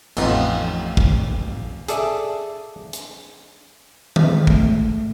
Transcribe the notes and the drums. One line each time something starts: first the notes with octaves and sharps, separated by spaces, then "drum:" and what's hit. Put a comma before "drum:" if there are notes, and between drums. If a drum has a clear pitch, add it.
A1 F2 B3 D#4 F4, drum: cymbal
drum: kick
G#4 A4 D5 E5, drum: hi-hat
drum: hi-hat
G#3, drum: tom D#3
A3, drum: kick